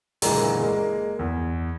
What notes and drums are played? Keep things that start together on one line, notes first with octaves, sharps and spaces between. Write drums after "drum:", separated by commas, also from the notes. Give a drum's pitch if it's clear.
F#1 A#2 D3 E3 G#3 A#5, drum: open hi-hat
G#3 A#3
E2